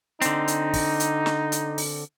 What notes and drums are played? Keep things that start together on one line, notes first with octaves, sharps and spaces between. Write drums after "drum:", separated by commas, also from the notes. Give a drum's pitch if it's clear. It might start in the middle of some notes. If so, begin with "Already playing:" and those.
D3 C4 D#4, drum: hi-hat
drum: hi-hat
drum: kick, open hi-hat
drum: hi-hat
drum: snare
drum: hi-hat
drum: open hi-hat